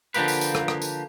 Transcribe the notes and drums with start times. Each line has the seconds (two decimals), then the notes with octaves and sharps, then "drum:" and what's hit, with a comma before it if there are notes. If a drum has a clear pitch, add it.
0.14 D3 F3 G#3 A#3 G4 B4, drum: tambourine
0.28 drum: tambourine
0.41 drum: tambourine
0.55 drum: rim click
0.68 drum: rim click
0.82 drum: tambourine